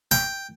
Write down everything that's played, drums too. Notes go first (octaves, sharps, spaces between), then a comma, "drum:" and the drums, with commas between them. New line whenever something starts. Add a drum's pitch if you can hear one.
G5, drum: snare